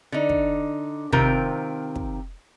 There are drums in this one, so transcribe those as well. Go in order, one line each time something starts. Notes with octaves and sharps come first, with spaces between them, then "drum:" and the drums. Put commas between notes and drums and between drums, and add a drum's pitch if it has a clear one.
D3 D#4
drum: kick
C3 D#3 C4 F4 A#4, drum: kick
drum: kick